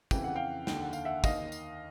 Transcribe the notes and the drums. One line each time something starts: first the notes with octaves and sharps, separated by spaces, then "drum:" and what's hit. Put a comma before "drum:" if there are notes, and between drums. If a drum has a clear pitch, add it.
F2 C#3 E3 G5, drum: kick, tambourine
F#5
F5 G5
D#2 D3 G5, drum: snare
F#5
F5, drum: tambourine
E5 F#5
D#2 D#3 D#5 F5, drum: kick, tambourine
drum: tambourine